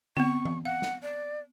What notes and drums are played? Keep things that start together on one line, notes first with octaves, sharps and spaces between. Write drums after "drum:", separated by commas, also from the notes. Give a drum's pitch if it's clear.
B3 C4 C#6, drum: tom D3
drum: tom E3
F5 F#5
drum: snare
D5